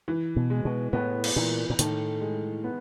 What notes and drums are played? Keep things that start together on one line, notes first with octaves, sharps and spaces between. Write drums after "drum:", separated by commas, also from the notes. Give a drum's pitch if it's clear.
E3
B2
G#3
B2
A2 B3
drum: cymbal
A#2 E3
A#2
A2 D#3, drum: hi-hat
G#3
B3